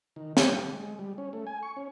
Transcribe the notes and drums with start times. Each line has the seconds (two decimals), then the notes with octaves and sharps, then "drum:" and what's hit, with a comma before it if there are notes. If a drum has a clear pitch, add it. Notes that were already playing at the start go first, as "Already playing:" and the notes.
0.16 D#3
0.37 G4, drum: snare
0.58 G4
0.72 G#3
0.99 G3
1.18 C#4
1.33 A3
1.47 G#5
1.63 C#6
1.77 C#4